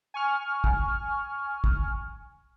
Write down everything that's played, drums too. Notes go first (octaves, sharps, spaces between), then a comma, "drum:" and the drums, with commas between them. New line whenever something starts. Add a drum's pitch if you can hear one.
G#5 C#6 F6
drum: kick
drum: kick